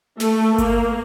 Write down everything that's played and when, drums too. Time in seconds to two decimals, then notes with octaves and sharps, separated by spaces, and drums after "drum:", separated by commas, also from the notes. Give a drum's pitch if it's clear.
0.20 A3, drum: snare
0.58 A#3, drum: kick G1, hi-hat